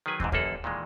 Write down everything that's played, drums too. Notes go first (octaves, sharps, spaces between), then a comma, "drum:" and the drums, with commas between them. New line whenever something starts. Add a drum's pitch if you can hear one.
D#3 F#3 G#4 B4 G#5
G#2 C3 E3 C4, drum: kick
A1 F#2 A#3 G#4 A4 F#5, drum: kick
A#2 D#3 E3 G#3